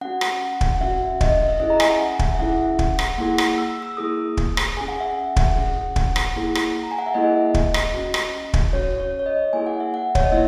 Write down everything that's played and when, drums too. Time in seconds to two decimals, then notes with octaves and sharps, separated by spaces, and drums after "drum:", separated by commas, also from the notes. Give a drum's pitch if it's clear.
0.01 C#4 F#4 F#5
0.21 drum: rim click
0.61 drum: kick
0.75 F#5
0.81 C#4 F#4 E5
1.21 D#5, drum: kick
1.48 E5
1.60 C#4 E4 G#4 D#5
1.70 A#5
1.80 G#5, drum: rim click
1.90 F#5
1.99 E5
2.19 drum: kick
2.35 E5
2.39 C#4 E4 G#4 F#5
2.79 drum: kick
2.99 drum: rim click
3.18 A#3 E4 G#4 F#5
3.38 drum: rim click
3.58 E6
3.82 E6
3.97 A#3 E4 G#4 D#6
4.37 drum: kick
4.57 drum: rim click
4.77 C#4 G#4 G#5
4.88 F#5
5.00 E5
5.11 F#5
5.36 drum: kick
5.56 C#4 G#4
5.96 drum: kick
6.16 drum: rim click
6.36 A#3 E4 G#4
6.55 drum: rim click
6.83 A#5
6.91 G#5
6.98 F#5
7.07 E5
7.14 A#3 E4 G#4 D#5
7.54 drum: kick
7.74 drum: rim click
7.94 C#4 F#4
8.14 drum: rim click
8.54 drum: kick
8.73 C#4 F#4 C#5
9.00 C#5
9.19 C#5
9.26 D#5
9.53 A#3 E4 G#4 G#5
9.66 F#5
9.80 E5
9.94 F#5
10.15 C#5, drum: kick
10.23 D#5
10.32 A#3 E4 E5